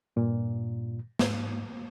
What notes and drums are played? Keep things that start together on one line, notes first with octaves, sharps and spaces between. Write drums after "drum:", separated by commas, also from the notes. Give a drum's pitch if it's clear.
G2 A#2
G#2, drum: snare